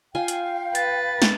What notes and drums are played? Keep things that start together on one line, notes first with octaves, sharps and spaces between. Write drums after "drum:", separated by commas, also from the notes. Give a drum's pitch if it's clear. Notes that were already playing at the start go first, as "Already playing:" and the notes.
F4 F5 G5 G#5
drum: hi-hat
B4 A6, drum: hi-hat
drum: snare